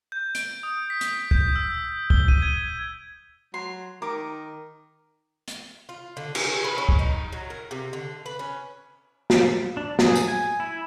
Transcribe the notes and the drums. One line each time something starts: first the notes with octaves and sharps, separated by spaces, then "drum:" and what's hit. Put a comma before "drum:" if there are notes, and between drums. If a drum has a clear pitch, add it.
G6
D7, drum: hi-hat
D#6
B6
drum: hi-hat
G6, drum: kick
E6
G7, drum: kick
D#7, drum: kick
G#6
F#3 C6
D#3 A#4 D6
drum: hi-hat
F4
D3
G#4, drum: cymbal
B4
C#4
drum: kick
D#4
F#3
A#4
C3
D3
B4
C#4
drum: snare
D4
G#4, drum: snare
drum: tambourine
G#5
E4